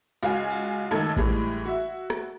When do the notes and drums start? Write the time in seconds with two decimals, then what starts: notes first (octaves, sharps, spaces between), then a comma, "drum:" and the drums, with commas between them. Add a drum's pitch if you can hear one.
0.23 C#2 F#4 F5 G#5, drum: tambourine
0.50 drum: cymbal
0.91 C#2 D#3 A3 A4 G#6
1.16 A2 E3 G3 G#3, drum: kick A1
1.65 F#4 E5
2.10 drum: rim click